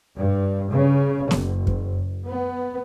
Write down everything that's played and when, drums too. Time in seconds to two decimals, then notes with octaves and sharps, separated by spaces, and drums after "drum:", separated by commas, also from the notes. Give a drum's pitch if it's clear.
0.16 G2
0.70 C#3
1.31 F#1, drum: snare B3
1.67 drum: kick F#2
2.27 B3